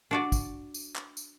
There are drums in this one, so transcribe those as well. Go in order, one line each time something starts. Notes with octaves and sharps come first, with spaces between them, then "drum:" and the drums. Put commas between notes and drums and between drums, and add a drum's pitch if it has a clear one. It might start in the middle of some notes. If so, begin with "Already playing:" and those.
D4 F#4 D5
drum: kick, tambourine
drum: tambourine
drum: clap
drum: tambourine